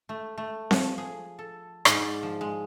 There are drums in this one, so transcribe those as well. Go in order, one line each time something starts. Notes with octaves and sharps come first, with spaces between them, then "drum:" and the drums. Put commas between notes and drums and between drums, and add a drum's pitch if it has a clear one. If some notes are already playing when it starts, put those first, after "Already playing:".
A3
A3
F3, drum: snare C4
G#4
A4
G#2, drum: rim click
D5
F3
G#3